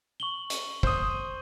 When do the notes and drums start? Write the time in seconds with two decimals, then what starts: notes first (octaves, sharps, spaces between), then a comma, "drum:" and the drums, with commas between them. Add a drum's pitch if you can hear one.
0.20 C#6 F#7 G7
0.50 drum: hi-hat
0.83 C5 D#6, drum: kick